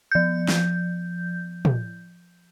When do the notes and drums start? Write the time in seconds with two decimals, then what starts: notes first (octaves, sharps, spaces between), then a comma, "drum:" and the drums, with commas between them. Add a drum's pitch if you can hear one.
0.12 F3 G6
0.48 drum: snare
1.65 drum: tom